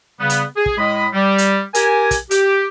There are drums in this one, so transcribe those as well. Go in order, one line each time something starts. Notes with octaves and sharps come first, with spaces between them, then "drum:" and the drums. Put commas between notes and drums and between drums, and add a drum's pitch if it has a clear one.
C#3 G3 B3
drum: hi-hat
G#4
drum: kick
A2 G#3 D#5 B5
G3
drum: hi-hat
G4 A#4 G#5, drum: hi-hat
drum: kick, hi-hat
G4, drum: hi-hat